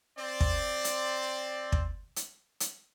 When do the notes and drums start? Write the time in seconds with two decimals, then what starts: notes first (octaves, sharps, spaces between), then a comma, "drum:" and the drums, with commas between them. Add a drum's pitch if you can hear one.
0.18 C4 D5
0.40 drum: kick
0.84 drum: hi-hat
1.72 drum: kick
2.16 drum: hi-hat
2.60 drum: hi-hat